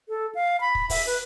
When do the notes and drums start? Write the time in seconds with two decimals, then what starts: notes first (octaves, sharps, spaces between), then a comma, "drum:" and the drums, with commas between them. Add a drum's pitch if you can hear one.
0.09 A4
0.35 F5
0.61 B5
0.75 drum: kick
0.90 E5, drum: kick, open hi-hat
1.06 B4